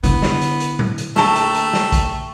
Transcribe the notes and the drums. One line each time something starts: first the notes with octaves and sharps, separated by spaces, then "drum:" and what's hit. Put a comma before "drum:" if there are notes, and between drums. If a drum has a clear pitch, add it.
D3 B3 E4, drum: hi-hat
drum: snare
drum: hi-hat
drum: hi-hat
drum: tom A2
drum: hi-hat
A#1 A3 G5 A5 A#5 C#6, drum: snare
drum: hi-hat
drum: hi-hat
drum: snare
drum: kick, hi-hat